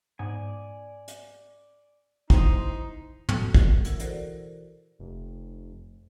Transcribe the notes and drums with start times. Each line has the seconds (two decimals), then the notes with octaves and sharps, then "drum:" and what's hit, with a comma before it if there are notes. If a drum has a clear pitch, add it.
0.19 G#2 B3 D5 G#5
1.08 drum: hi-hat
2.30 D#4 E4 C5 D#6 D#7, drum: kick
3.29 B2 F#4 A4 E6, drum: tom
3.54 drum: kick
3.85 E3 E4 A#4 F#5, drum: hi-hat
4.00 F#4 A4 A#4 C5 D5 F#5, drum: hi-hat
4.99 F1